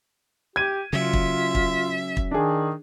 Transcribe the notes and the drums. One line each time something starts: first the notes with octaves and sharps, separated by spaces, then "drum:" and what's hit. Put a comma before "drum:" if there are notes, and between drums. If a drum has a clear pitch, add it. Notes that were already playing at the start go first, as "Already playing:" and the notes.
G4 G#6 D#7
C#3 F#3 F4 E5
drum: kick
drum: kick
drum: kick
D#3 D4 G#4